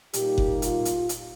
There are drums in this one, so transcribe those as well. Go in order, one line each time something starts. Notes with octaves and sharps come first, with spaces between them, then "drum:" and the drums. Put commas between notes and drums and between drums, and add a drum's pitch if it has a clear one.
A#2 G3 A#3 D#4 G4, drum: hi-hat
drum: kick F#1
F4, drum: hi-hat
drum: hi-hat
drum: hi-hat